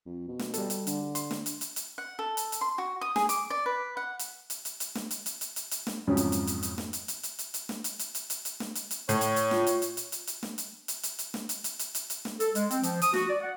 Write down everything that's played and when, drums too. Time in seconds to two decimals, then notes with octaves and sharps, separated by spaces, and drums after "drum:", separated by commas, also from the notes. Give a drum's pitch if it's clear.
0.06 F2
0.28 B2
0.39 drum: snare
0.54 G3 A4, drum: hi-hat
0.70 drum: hi-hat
0.87 D3, drum: hi-hat
1.15 C6, drum: hi-hat
1.31 drum: snare
1.46 drum: hi-hat
1.61 drum: hi-hat
1.76 drum: hi-hat
1.98 F#5
2.19 A4
2.37 drum: hi-hat
2.52 drum: hi-hat
2.61 C6
2.78 F#4
3.01 D#6
3.16 G#4, drum: snare
3.29 D6, drum: hi-hat
3.50 D5
3.66 B4
3.97 F#5
4.19 drum: hi-hat
4.50 drum: hi-hat
4.65 drum: hi-hat
4.80 drum: hi-hat
4.95 drum: snare
5.11 drum: hi-hat
5.26 drum: hi-hat
5.41 drum: hi-hat
5.56 drum: hi-hat
5.71 drum: hi-hat
5.87 drum: snare
6.07 F2 G#2 C#3 F3 F#3 C#4
6.17 drum: hi-hat
6.32 drum: hi-hat
6.47 drum: hi-hat
6.63 drum: hi-hat
6.78 drum: snare
6.93 drum: hi-hat
7.08 drum: hi-hat
7.23 drum: hi-hat
7.39 drum: hi-hat
7.54 drum: hi-hat
7.69 drum: snare
7.84 drum: hi-hat
7.99 drum: hi-hat
8.15 drum: hi-hat
8.30 drum: hi-hat
8.45 drum: hi-hat
8.60 drum: snare
8.75 drum: hi-hat
8.91 drum: hi-hat
9.09 A2 C#5, drum: hi-hat
9.21 drum: hi-hat
9.36 drum: hi-hat
9.51 F4, drum: snare
9.67 drum: hi-hat
9.82 drum: hi-hat
9.97 drum: hi-hat
10.12 drum: hi-hat
10.27 drum: hi-hat
10.43 drum: snare
10.58 drum: hi-hat
10.88 drum: hi-hat
11.03 drum: hi-hat
11.19 drum: hi-hat
11.34 drum: snare
11.49 drum: hi-hat
11.64 drum: hi-hat
11.79 drum: hi-hat
11.95 drum: hi-hat
12.10 drum: hi-hat
12.25 drum: snare
12.40 A4, drum: hi-hat
12.55 G#3, drum: hi-hat
12.71 C4, drum: hi-hat
12.83 F3, drum: hi-hat
13.02 D#6, drum: hi-hat
13.14 F#4, drum: snare
13.28 D5
13.41 F#5